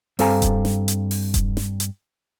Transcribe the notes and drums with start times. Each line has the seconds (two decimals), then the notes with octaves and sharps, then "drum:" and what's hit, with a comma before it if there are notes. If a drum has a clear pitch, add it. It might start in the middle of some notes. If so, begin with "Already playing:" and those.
0.19 G2 C4 A4 F5 G#5 A#5, drum: open hi-hat
0.42 drum: kick E1, hi-hat
0.65 drum: snare
0.88 drum: hi-hat
1.11 drum: open hi-hat
1.34 drum: kick E1, hi-hat
1.57 drum: snare
1.80 drum: hi-hat